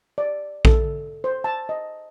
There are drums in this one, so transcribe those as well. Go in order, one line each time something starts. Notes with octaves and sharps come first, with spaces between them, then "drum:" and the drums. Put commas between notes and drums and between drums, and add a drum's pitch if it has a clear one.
D5
A4, drum: kick A#1
C5
A5
D#5